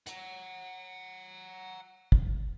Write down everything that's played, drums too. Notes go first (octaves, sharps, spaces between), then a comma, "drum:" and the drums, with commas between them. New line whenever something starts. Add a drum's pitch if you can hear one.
F#5 A#5, drum: hi-hat
drum: kick